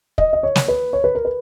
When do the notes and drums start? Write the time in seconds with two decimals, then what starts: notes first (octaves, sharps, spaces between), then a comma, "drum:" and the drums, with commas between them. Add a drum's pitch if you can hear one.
0.18 D#5, drum: kick
0.33 D#5
0.43 C#5
0.56 drum: snare
0.68 B4
0.93 C#5
1.04 B4
1.15 A#4
1.25 B4